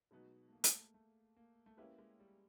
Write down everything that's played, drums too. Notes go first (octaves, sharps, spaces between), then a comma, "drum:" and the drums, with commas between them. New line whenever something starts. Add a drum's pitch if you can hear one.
B2 F#3 G#3 B3 D#4 F#4
A3
A#3
drum: hi-hat
A3
A3
A#3
A3
G#3 A#3 C#4 E4 G4 B4
G#3
G3